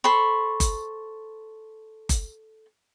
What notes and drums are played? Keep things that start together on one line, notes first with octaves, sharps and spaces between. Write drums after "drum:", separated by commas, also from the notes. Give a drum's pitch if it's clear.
A4 C5 B5 C#6
drum: kick F#1, hi-hat
drum: kick F#1, hi-hat